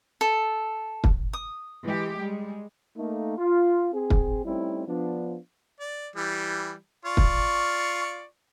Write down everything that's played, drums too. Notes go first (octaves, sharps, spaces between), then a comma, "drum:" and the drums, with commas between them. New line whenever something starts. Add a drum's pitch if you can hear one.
A4
drum: kick
D#6
E3 G#3 G4
G3 G#3
A3 A#3 D#4
F4
C4 G#4
drum: kick
G3 A3 C4 C#4 D#4 E4
F3 B3 D4
D5
E3 G3
F4 D5 C#6
drum: kick